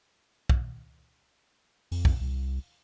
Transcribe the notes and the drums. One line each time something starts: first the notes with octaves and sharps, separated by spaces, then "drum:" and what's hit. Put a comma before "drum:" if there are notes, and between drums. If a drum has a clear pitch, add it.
drum: kick B1
F2, drum: open hi-hat
drum: kick B1
C2